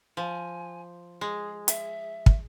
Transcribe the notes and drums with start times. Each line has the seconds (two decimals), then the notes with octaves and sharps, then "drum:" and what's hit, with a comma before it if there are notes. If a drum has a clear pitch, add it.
0.17 F3 G#5
1.21 G#3 G#4
1.68 E5, drum: hi-hat
2.26 drum: kick